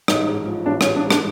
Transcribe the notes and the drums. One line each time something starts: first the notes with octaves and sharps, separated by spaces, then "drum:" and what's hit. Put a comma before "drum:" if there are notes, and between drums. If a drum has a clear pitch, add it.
A1 D#4, drum: rim click
G#2
F3
A1 D4
C#4, drum: rim click
A1
D4
G#2
D4, drum: rim click